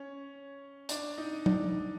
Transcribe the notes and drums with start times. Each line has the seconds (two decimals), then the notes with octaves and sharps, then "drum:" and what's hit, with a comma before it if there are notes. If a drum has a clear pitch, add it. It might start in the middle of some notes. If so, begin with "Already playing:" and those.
Already playing: C#4 C#5
0.89 D4 D5, drum: hi-hat
1.17 D#4 D#5
1.46 D4 D5, drum: tom